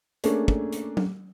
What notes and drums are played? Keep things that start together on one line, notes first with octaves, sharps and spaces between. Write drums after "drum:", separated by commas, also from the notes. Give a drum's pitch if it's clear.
A3 A#3 C#4 D4 G#4, drum: hi-hat
drum: kick
drum: hi-hat
drum: tom F#3